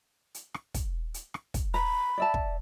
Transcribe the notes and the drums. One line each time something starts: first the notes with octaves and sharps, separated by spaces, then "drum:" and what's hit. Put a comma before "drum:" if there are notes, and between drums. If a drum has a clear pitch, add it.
drum: hi-hat
drum: rim click
drum: kick, hi-hat
drum: hi-hat
drum: rim click
drum: kick, hi-hat
A#5 B5
D5 E5 A5
drum: kick